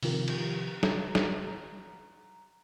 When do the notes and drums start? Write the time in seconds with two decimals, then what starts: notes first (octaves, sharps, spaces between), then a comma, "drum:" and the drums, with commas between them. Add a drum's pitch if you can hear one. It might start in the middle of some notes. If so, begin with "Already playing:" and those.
0.03 C3 D#3 F3 F4 G4 A#4, drum: open hi-hat
0.28 drum: cymbal
0.83 A#5, drum: snare
1.15 drum: snare